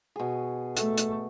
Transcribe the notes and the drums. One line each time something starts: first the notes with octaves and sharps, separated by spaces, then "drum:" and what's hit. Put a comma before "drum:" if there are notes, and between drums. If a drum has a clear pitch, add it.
B2 G#4
A3, drum: hi-hat
drum: hi-hat